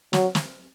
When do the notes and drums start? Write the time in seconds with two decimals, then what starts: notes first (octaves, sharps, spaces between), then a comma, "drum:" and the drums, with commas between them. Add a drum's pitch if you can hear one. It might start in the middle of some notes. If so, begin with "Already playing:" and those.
0.13 F#3, drum: snare
0.35 drum: snare